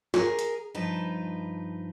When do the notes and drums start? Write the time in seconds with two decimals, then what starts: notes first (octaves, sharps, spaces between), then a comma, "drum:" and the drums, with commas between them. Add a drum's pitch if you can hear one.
0.14 G#4 A#4, drum: snare
0.39 drum: hi-hat
0.74 G2 F3 D#4 B4 A5